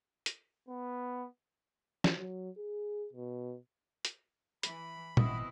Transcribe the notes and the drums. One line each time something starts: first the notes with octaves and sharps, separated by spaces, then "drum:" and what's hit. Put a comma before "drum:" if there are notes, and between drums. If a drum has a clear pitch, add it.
drum: hi-hat
B3
drum: snare
F#3
G#4
B2
drum: hi-hat
E3 B5, drum: hi-hat
G#1 B2 F3 C4 E4 D#5, drum: tom A#2